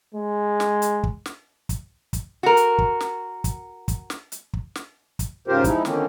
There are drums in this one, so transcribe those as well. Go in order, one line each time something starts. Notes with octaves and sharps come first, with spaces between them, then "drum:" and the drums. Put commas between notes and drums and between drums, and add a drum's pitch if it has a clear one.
G#3
drum: snare
drum: hi-hat
drum: kick
drum: snare
drum: kick, hi-hat
drum: kick, hi-hat
F#4 A#4
drum: hi-hat
drum: kick
drum: snare
drum: kick, hi-hat
drum: kick, hi-hat
drum: snare
drum: hi-hat
drum: kick
drum: snare
drum: kick, hi-hat
G#2 C#3 F4 G4 A#4 C5
F3 G#3 D#4 E4, drum: kick, hi-hat
D3 D#3 F3 A#3 C4 C#4, drum: snare